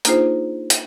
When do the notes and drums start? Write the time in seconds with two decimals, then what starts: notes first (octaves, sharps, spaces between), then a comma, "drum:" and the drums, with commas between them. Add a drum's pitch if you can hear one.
0.05 A#3 D4 D#4 F4 G#4 C5, drum: hi-hat
0.70 drum: hi-hat